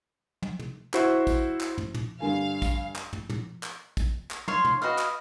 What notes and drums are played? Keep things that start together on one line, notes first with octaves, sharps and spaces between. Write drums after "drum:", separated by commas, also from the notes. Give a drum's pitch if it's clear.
drum: tom
drum: tom
E4 F#4 C5, drum: clap
drum: kick, tambourine
drum: clap
drum: tom
drum: tom
G2 D3 F5 G#5
drum: kick, tambourine
drum: clap
drum: tom
drum: tom
drum: clap
drum: kick, tambourine
drum: clap
C#5 F5 C6, drum: tom
drum: tom
F#4 B4 D#5 F5
drum: clap